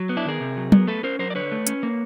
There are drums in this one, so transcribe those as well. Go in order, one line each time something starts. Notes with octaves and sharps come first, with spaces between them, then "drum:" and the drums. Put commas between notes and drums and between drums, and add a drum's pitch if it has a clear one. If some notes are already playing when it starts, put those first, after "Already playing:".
Already playing: F#3
B3
D4 E4
D#3 G#4 A#4
C3
F#3
B3, drum: tom F#3
A3 A4 B4
C#4 A#4 C5
F#3 A#4 C5
D5
D3 B4 C#5
A3
C#4, drum: hi-hat
A#3